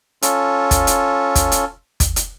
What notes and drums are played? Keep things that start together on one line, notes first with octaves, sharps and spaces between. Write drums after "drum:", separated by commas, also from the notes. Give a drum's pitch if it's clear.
C#4 F4 A4, drum: hi-hat
drum: kick, hi-hat
drum: hi-hat
drum: kick, hi-hat
drum: hi-hat
drum: kick, hi-hat
drum: hi-hat